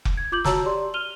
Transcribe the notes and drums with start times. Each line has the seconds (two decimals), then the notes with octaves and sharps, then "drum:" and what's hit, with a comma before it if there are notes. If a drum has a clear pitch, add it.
0.05 drum: kick F1
0.17 G#6
0.32 F4 D6 G6 F#7
0.44 F#4 C#5 A5 A#5 E6, drum: snare
0.66 G4 D5 C6
0.94 F6 D#7 F7 G7